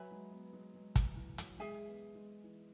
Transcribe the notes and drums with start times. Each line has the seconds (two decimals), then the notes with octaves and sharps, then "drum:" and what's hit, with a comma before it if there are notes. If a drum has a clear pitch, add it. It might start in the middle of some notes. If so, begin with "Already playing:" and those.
Already playing: F#3 B4 E5 G#5 B5
0.11 G#3
0.32 B3
0.53 G#3
0.74 G#3
0.96 G#3, drum: kick, hi-hat
1.16 E3
1.38 F#3, drum: hi-hat
1.59 G#3 G#4 E5 G#5
1.87 B3
2.15 G#3
2.44 E3